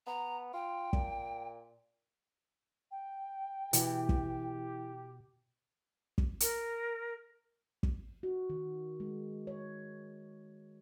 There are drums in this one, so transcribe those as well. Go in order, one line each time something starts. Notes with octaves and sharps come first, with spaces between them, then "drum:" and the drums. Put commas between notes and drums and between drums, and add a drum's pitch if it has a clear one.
B3 A#5
F4 G5
A#2, drum: kick
G5
B2 E3 G4, drum: hi-hat
drum: kick
drum: kick
A#4, drum: hi-hat
drum: kick
F#4
D#3
G#3
C#5